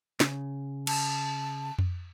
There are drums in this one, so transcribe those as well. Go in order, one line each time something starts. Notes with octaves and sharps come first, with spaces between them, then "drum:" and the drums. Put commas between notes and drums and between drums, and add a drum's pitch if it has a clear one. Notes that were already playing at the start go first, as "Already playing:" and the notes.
C#3, drum: snare
A5, drum: cymbal
drum: tom F2